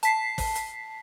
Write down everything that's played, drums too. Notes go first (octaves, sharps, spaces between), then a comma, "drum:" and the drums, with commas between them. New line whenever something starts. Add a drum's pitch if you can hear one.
A5 B6 C7, drum: hi-hat
drum: kick, open hi-hat
drum: hi-hat